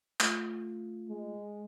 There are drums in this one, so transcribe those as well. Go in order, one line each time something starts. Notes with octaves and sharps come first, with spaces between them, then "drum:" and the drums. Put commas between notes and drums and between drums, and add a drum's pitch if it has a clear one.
A3 F4, drum: clap
G#3